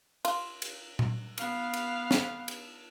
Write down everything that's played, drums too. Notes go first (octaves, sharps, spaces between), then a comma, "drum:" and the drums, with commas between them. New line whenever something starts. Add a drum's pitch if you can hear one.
F4, drum: cymbal
drum: cymbal
drum: tom A#2
B3 F5, drum: cymbal
drum: cymbal
drum: snare
drum: cymbal